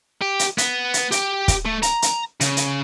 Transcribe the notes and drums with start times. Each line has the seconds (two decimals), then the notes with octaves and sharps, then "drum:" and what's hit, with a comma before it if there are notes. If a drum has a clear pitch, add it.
0.22 G4
0.39 drum: hi-hat
0.58 B3, drum: hi-hat
0.94 drum: hi-hat
1.12 G4 G5, drum: hi-hat
1.48 drum: kick, hi-hat
1.65 A3
1.83 A#5, drum: hi-hat
2.02 drum: hi-hat
2.41 C#3, drum: hi-hat
2.57 drum: hi-hat